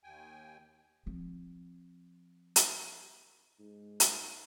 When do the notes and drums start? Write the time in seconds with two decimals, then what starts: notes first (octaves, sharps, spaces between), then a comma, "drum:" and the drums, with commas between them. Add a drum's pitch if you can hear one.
0.03 D#2 G5 G#5
1.06 F3 C4
2.56 drum: hi-hat
3.60 G#2
4.00 drum: hi-hat